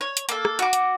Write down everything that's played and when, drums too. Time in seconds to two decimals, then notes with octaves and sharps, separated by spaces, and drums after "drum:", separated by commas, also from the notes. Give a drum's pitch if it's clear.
0.01 C#5
0.17 drum: hi-hat
0.29 A#3 A4, drum: hi-hat
0.45 drum: rim click
0.59 F#4 D6, drum: hi-hat
0.73 drum: hi-hat